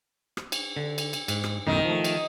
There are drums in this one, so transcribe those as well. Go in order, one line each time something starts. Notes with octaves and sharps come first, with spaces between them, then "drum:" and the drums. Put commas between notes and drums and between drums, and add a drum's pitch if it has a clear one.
drum: rim click
drum: cymbal
D3
drum: cymbal
drum: cymbal
G#2, drum: cymbal
drum: rim click
B1 F#2 A2 D#3
F3 A3
drum: cymbal